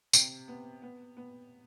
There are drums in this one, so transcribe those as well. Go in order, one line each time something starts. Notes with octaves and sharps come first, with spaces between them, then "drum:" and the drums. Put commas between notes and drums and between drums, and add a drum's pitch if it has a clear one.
C3, drum: tambourine
B3
B3
B3